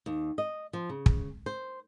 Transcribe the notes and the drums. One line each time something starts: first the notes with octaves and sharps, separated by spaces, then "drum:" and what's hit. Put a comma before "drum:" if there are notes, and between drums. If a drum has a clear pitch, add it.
D#2
D#5
F3
C#3
drum: kick
C5